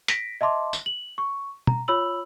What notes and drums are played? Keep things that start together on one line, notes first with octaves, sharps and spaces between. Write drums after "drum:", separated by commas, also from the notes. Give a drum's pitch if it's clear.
A#6 B6 D7, drum: hi-hat
D#5 E5 A5 C6 D6
drum: tambourine
F#7
C#6
A#5, drum: tom
F4 C#5 B5 E6 F#7